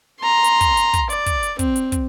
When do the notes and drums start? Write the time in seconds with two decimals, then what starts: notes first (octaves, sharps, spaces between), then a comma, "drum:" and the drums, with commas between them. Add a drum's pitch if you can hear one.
0.21 A#5 C6
0.44 drum: hi-hat
0.61 drum: kick, hi-hat
0.77 drum: hi-hat
0.94 drum: kick, hi-hat
1.10 D5, drum: hi-hat
1.26 drum: kick, hi-hat
1.43 drum: hi-hat
1.59 C4, drum: kick, hi-hat
1.76 drum: hi-hat
1.92 drum: kick, hi-hat